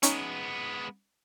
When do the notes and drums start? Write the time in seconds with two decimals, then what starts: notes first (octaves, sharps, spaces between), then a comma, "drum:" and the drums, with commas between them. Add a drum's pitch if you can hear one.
0.03 G#3 B3 C#4 D#4, drum: hi-hat